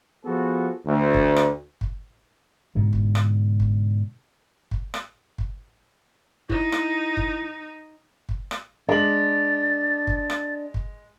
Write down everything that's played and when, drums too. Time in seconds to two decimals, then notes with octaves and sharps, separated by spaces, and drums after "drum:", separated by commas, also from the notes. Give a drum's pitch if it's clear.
0.25 F3 B3 F#4 G#4 A4
0.86 D2
1.14 drum: kick
1.36 drum: rim click
1.81 drum: kick
2.75 G#2 B2 D3
2.93 drum: kick
3.15 drum: rim click
3.60 drum: kick
4.71 drum: kick
4.94 drum: rim click
5.38 drum: kick
6.50 D#4 E4, drum: kick
6.72 drum: rim click
7.17 drum: kick
8.29 drum: kick
8.51 drum: rim click
8.89 G#3 D4 A6 F#7
10.07 drum: kick
10.30 drum: rim click
10.74 drum: kick